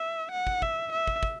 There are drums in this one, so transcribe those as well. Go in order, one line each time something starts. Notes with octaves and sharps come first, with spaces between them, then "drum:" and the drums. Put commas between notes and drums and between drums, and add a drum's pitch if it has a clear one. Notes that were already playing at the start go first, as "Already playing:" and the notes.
Already playing: E5
F#5
drum: kick
E5, drum: kick
E5
drum: kick
drum: kick